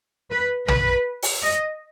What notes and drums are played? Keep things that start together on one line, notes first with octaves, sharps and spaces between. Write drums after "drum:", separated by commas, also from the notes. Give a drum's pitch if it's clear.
B4
B4, drum: tom
drum: open hi-hat
D#5